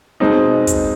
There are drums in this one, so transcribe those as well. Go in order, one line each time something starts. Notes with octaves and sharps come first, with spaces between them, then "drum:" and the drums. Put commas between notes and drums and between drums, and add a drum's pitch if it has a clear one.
B2 G#3 C4 D#4
drum: kick, hi-hat